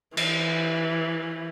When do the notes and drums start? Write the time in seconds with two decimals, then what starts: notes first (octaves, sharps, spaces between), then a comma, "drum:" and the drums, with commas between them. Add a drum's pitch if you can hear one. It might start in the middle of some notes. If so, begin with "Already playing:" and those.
0.17 E3, drum: cymbal